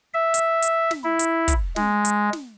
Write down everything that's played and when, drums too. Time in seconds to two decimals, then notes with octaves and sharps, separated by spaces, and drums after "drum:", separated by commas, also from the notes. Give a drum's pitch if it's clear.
0.14 E5
0.34 drum: hi-hat
0.62 drum: hi-hat
0.91 drum: snare
1.04 E4
1.19 drum: hi-hat
1.48 drum: kick, hi-hat
1.76 G#3, drum: snare
2.05 drum: hi-hat
2.33 drum: snare